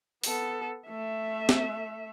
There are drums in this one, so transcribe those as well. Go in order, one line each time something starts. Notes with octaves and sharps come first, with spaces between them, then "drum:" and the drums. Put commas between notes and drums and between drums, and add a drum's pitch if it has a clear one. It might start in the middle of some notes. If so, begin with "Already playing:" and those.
B3 A4, drum: open hi-hat
A3 E5
drum: snare